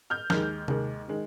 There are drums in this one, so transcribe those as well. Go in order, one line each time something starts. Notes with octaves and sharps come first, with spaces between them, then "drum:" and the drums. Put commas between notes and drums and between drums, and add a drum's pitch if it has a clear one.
F6 G6
D#2 D#3 G#3 F6 G6, drum: snare
D#2 D#3 G#3, drum: tom C3
D#3 G#3